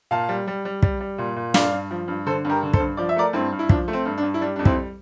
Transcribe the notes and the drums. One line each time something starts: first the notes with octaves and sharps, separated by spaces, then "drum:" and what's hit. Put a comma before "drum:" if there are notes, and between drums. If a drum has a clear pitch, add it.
A#2 F5 A5
G3
G3
G3
G3, drum: kick
G3
A#2
A#2
G2 D5 F5, drum: snare
G2
F3
G2
D3 A4 C5
G2 G4 A#4
D3
A4 C5, drum: kick
G2
F3 D5
E5
A3 A#4 D5
G2 C4 E4
G2
E4
F3 D4, drum: kick
A3
C4
G2
D4
G2
E4
G3 D4
F2 D4
C4 E4, drum: kick